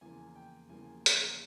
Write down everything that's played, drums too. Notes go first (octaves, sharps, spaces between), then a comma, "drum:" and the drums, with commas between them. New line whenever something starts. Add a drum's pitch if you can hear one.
E2 C#3 F3 A#3 G#5
G5
E2 C#3 F3 A#3 G#5
drum: hi-hat